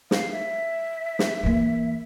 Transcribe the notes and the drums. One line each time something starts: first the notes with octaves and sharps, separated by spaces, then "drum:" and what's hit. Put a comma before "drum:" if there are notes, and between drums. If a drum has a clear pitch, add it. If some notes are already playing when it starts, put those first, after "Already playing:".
F5, drum: snare
E5
drum: snare
E3 A#3